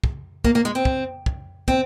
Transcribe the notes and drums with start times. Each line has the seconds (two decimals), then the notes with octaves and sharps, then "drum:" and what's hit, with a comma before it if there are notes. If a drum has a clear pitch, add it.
0.04 drum: kick
0.44 A#3, drum: kick
0.55 A#3
0.65 G#3
0.75 C4
0.85 drum: kick
1.26 drum: kick
1.68 C4, drum: kick